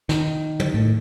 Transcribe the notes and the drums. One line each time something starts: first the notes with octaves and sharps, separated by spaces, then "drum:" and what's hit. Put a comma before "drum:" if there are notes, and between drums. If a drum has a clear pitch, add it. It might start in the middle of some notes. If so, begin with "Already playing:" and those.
D#3, drum: snare
drum: tom
A2